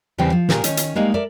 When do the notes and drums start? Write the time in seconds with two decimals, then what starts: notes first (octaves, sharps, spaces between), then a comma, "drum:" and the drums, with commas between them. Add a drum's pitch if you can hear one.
0.18 E2 C#3 E3 G3 C4 G5
0.32 F3
0.49 A#2 G4 G#4 A#4, drum: snare
0.64 D#3 C#4 D#4, drum: hi-hat
0.77 drum: hi-hat
0.95 G3 G#3 A#3 D#4
1.14 A4 A#4 D5 E5